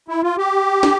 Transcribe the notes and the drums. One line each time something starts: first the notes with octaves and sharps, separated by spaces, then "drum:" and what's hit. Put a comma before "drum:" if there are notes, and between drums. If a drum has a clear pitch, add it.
E4
F4
G4
drum: snare